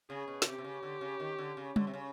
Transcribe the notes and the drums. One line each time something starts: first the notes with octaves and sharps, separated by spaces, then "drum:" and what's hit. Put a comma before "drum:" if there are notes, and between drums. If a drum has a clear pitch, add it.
C#3 G#4
B2
C#3, drum: snare
C3 G4
C3
C#3
D3
C#3
D#3
D3
C#3
D3, drum: tom G3
C3
C#3